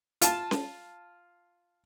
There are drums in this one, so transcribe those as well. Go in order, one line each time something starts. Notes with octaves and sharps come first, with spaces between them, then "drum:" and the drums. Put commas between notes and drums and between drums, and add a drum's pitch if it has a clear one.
F4 A5, drum: hi-hat
drum: snare C#4